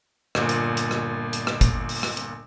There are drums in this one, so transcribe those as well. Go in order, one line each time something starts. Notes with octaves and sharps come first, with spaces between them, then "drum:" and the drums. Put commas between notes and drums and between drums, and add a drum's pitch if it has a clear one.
G1 A#2, drum: rim click
drum: hi-hat
drum: hi-hat
drum: rim click
drum: hi-hat
drum: rim click
drum: kick G1, hi-hat
drum: open hi-hat
drum: rim click
drum: hi-hat